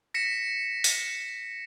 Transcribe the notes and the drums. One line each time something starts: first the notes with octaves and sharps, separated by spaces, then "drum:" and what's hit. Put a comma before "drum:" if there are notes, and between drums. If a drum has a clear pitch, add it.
A#6 B6 C#7 E7
drum: open hi-hat